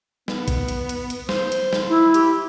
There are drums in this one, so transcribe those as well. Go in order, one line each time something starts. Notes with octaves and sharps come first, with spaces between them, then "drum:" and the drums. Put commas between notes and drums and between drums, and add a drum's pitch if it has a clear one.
B3, drum: snare
drum: kick A#1, hi-hat
drum: hi-hat
drum: hi-hat
drum: hi-hat
C5, drum: snare
drum: hi-hat
drum: snare
E4
G4, drum: hi-hat